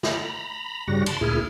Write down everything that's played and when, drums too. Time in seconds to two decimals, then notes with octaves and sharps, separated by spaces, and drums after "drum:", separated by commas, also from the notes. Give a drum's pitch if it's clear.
0.03 A#5 B5, drum: snare
0.88 G2 C#3 G3 F#4 A#6
1.06 A5 B5 C6, drum: cymbal
1.21 D2 A#2 E4 G#4 F6